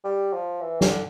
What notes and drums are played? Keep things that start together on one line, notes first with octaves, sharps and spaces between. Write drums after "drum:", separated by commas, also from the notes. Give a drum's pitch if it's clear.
G3
F3
E3
D3, drum: snare